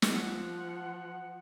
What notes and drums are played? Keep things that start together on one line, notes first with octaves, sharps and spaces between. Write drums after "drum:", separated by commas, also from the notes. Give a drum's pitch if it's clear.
drum: snare
F3 F#5